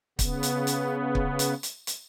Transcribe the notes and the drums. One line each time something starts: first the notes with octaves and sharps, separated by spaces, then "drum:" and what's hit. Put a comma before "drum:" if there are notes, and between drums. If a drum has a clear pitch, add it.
C#3 B3, drum: kick, hi-hat
drum: hi-hat
drum: hi-hat
drum: kick
drum: hi-hat
drum: hi-hat
drum: hi-hat